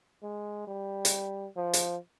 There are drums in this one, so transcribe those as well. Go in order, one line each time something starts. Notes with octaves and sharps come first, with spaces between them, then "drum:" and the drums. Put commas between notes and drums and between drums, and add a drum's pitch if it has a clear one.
G#3
G3
drum: hi-hat
F3
drum: hi-hat